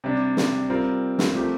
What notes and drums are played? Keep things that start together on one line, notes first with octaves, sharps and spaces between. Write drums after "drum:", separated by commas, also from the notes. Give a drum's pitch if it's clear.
C3 G3 D4
drum: snare
G3 C4 F4 A#4
drum: snare
F3 A3 C4 G4 A#4